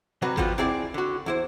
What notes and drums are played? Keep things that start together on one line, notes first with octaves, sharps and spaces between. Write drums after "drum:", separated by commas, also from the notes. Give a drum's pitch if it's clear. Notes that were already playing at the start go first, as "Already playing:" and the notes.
C3 F#3 G3 F#4 B4
F3 G3 B3 F4 F#4, drum: kick G#1
C4 E4 G#4 D5
D3 F#4
E2 E4 C5